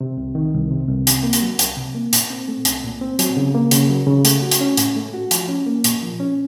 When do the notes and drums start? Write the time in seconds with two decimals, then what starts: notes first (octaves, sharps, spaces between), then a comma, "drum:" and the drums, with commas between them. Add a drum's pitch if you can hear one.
0.01 C3
0.18 C2
0.35 D#3
0.54 C2
0.71 C3
0.88 C2
1.07 C3, drum: hi-hat
1.23 A#3
1.33 drum: hi-hat
1.42 F#3
1.59 C2, drum: hi-hat
1.77 C3
1.95 A#3
2.13 A#2, drum: hi-hat
2.30 C4
2.48 A3
2.65 C2, drum: hi-hat
2.84 A#2
3.01 C4
3.19 F#3, drum: hi-hat
3.37 C#3
3.55 A#3
3.71 C#3, drum: hi-hat
3.90 F#3
4.07 C#3
4.25 A3, drum: hi-hat
4.42 F#4
4.51 drum: hi-hat
4.61 C#4
4.77 A2, drum: hi-hat
4.96 A3
5.14 F#4
5.31 F3, drum: hi-hat
5.49 C#4
5.67 A#3
5.84 A#2, drum: hi-hat
6.03 F3
6.20 C#4